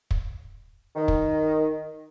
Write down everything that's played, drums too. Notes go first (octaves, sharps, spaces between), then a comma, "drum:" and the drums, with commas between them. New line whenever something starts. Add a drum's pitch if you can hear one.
drum: kick
D#3
drum: kick